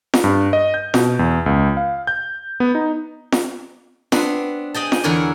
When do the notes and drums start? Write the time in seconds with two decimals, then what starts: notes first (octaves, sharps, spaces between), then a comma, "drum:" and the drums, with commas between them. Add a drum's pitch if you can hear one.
0.14 drum: snare
0.24 G2
0.53 D#5
0.74 G6
0.94 B2, drum: snare
1.19 E2
1.46 C#2
1.77 F5
2.07 G6
2.60 B3
2.75 D#4
3.32 drum: snare
4.12 B3 C4 D4, drum: snare
4.74 G#4 D#5 G5 A5
4.92 drum: snare
5.04 E2 D3 E4 A#4 C#5 D5